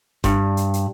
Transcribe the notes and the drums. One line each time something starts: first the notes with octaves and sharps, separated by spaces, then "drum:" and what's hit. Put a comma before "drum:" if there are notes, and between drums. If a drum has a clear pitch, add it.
G2, drum: kick F#1, hi-hat
drum: hi-hat
drum: hi-hat